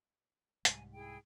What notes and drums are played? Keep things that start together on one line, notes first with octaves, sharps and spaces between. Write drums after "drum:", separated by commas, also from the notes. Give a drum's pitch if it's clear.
C2 G#2 G3 G#5, drum: hi-hat
E4 G#4 G5